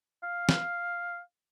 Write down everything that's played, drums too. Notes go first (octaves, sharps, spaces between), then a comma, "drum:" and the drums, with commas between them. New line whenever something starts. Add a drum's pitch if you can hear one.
F5
drum: snare